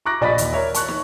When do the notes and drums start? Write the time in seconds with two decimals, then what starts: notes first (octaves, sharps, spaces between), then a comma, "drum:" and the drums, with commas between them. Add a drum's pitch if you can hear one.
0.05 A#5 C#6 D6 F#6 A#6
0.21 A#1 D5 D#5 B5 B6
0.38 D#2, drum: hi-hat
0.52 A#4 C#5 E5
0.74 A5 C#6 F#6, drum: hi-hat
0.88 drum: snare